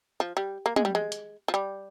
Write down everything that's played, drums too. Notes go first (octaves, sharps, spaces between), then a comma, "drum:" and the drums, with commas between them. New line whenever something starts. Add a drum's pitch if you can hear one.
F3
G3
A#3
G#3, drum: tom
G3
G#3
drum: hi-hat
F3
G3